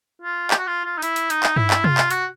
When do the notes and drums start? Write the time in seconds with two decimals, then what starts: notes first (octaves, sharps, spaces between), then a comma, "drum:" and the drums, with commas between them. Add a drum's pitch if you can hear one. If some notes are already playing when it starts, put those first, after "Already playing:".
0.22 F4
0.51 G4, drum: clap
0.58 F#4
0.67 F4
0.85 F4
0.98 D#4
1.02 E4, drum: hi-hat
1.16 drum: hi-hat
1.30 D#4, drum: hi-hat
1.43 drum: clap
1.56 E4, drum: tom G2
1.70 drum: clap
1.84 F4, drum: tom C3
1.98 drum: clap
2.11 F#4, drum: hi-hat